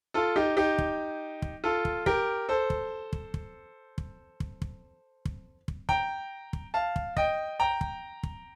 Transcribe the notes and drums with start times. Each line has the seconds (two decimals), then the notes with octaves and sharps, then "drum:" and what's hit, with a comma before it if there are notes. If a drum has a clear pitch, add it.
0.14 F4 A4
0.36 D#4 G4
0.57 D#4 G4
0.78 drum: kick
1.42 drum: kick
1.64 F4 A4
1.85 drum: kick
2.06 G4 A#4, drum: kick
2.49 A4 C5
2.70 drum: kick
3.13 drum: kick
3.34 drum: kick
3.98 drum: kick
4.40 drum: kick
4.62 drum: kick
5.25 drum: kick
5.68 drum: kick
5.89 G5 A#5, drum: kick
6.53 drum: kick
6.74 F5 A5
6.96 drum: kick
7.17 D#5 G5, drum: kick
7.59 G5 A#5
7.81 drum: kick
8.23 drum: kick